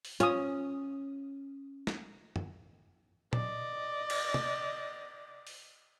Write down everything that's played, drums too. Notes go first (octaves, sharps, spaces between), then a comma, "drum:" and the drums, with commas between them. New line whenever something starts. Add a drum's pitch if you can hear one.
drum: open hi-hat
C#4 F4 D#6, drum: hi-hat
drum: snare
drum: tom
D5 D#5, drum: tom A#2
drum: cymbal
drum: tom
drum: open hi-hat